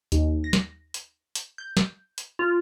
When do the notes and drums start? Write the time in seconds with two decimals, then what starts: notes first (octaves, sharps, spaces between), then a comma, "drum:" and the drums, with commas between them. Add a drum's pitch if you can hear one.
0.12 D#2, drum: hi-hat
0.44 A#6
0.53 drum: snare
0.94 drum: hi-hat
1.35 drum: hi-hat
1.58 G6
1.77 drum: snare
2.18 drum: hi-hat
2.39 F4